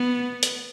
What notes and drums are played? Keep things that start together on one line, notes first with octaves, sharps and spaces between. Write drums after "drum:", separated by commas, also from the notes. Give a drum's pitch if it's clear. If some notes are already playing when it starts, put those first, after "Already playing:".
Already playing: B3
drum: hi-hat